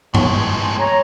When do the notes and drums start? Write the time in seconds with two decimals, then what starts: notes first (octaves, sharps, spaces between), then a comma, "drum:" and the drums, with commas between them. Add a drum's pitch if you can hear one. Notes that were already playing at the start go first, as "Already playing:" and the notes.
0.14 A2 G#3, drum: tom G2
0.78 C#5 A#5